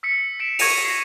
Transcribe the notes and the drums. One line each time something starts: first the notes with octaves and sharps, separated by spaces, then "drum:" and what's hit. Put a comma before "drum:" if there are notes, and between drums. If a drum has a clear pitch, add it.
E6 B6 C#7
B6 D7 E7
C#6 G#6 A#6 C#7 D#7 F7, drum: open hi-hat
A#6 C7